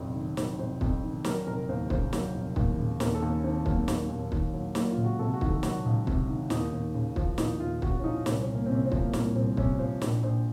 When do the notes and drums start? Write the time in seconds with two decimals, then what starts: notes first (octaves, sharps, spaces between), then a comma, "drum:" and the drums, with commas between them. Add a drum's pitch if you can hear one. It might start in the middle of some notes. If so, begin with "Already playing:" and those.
Already playing: F1 F2 F#3
0.15 D#3
0.37 F#3 C5, drum: snare
0.59 F1 C5
0.81 F2, drum: kick
1.03 D#3
1.24 F#3 A#4, drum: snare
1.47 F1 A#4
1.69 D#2 C5
1.90 C#3 C5, drum: kick
2.13 F#3, drum: snare
2.35 F1
2.56 D#2, drum: kick
2.79 C#3
3.00 D#2 A#4, drum: snare
3.15 A4
3.22 D#2
3.29 C#4
3.44 D#3 C4
3.66 F#3 A#3, drum: kick
3.88 D#2, drum: snare
4.09 D#2
4.32 D#3, drum: kick
4.53 F#3
4.75 F#3 A#3, drum: snare
4.90 F4
4.97 C#2
5.04 F#4
5.19 C3 A4
5.34 F#4
5.41 D#3, drum: kick
5.48 A4
5.63 F#3 F#4, drum: snare
5.85 C#2
6.07 C3, drum: kick
6.29 D#3
6.50 D#2 D#4, drum: snare
6.73 D#2
6.94 C#3
7.16 F3, drum: kick
7.38 D#2 D#4, drum: snare
7.60 D#2 F4
7.82 C#3 F#4, drum: kick
7.99 C#4
8.04 F3 D#4
8.26 C2 C#4, drum: snare
8.40 C4
8.47 C2
8.55 A#3
8.66 C4
8.70 C3 C#4
8.84 C4
8.92 F3, drum: kick
8.98 A#3
9.13 C2 A#3, drum: snare
9.35 C2 C4
9.57 C3 C#4, drum: kick
9.79 F3 C5
10.01 A#1, drum: snare
10.23 A#1 C5